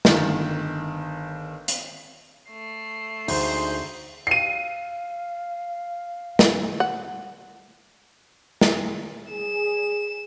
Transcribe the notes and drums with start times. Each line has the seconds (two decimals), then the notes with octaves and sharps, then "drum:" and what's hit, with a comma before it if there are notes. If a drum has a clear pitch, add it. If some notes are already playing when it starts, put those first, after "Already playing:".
0.05 G1 D#3, drum: snare
1.68 drum: hi-hat
2.51 A3 C7
3.28 D2 G#3 D#4 C5, drum: open hi-hat
4.27 F5 C7 D#7
6.39 drum: snare
6.80 F#5
8.61 drum: snare
9.31 G#4 E7